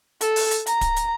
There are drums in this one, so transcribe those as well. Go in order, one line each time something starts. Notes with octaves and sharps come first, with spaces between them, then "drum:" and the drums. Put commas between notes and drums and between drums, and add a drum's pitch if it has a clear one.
A4, drum: hi-hat
drum: open hi-hat
drum: hi-hat
A#5, drum: hi-hat
drum: kick D1, hi-hat
drum: hi-hat